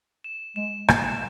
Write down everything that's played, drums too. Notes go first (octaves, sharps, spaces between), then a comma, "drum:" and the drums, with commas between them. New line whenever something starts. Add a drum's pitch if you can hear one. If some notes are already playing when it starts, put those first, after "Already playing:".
E7
G#3 E7
A#3, drum: rim click
E7